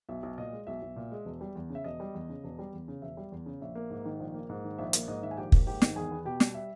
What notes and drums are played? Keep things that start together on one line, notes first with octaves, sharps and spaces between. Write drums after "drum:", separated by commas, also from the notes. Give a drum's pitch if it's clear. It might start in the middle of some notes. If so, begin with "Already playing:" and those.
B1 E5
B1
A#2 D#5
G#3
B1 E5
B1
A#2
G#3
E1
G3
E2
C#3
E5
E1 D#5
G3
E2
C#3
E1
G3
E2
C#3
E1 E5
G3
E2
C#3
A#1 E5
A#3
G#2
D#3
A#1
A#3
G#2
D#3
A#1 E5
A#3 E5, drum: hi-hat
G#2 D#5
D#3 E5
G#5
A#1 G4 G5
A#3, drum: kick
G#2 G4 G5
D#3, drum: snare
E2 G#4 G#5
B3
B2 G4 G5
G3, drum: snare
E5